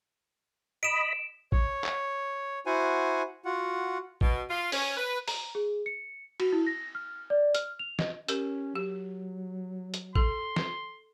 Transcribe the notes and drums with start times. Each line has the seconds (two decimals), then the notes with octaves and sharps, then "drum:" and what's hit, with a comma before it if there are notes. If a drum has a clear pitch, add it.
0.83 D#5 B5 D7 E7
1.52 C#5, drum: kick A1
1.84 drum: clap
2.66 E4 F#4 C5 F#5 G#5
3.45 F4 F#4 F#5
4.21 B2, drum: kick A1
4.49 F4
4.72 C#4, drum: open hi-hat
4.97 B4
5.28 A#5, drum: open hi-hat
5.55 G#4
5.86 C#7
6.40 F#4, drum: cymbal
6.52 E4
6.67 A#6
6.95 F6
7.30 D5
7.55 F6, drum: hi-hat
7.79 F7
7.99 D#5, drum: snare
8.28 C#4 G4 A#4, drum: hi-hat
8.75 F#3 G4
9.94 drum: hi-hat
10.15 A4 C6, drum: kick A1
10.56 drum: snare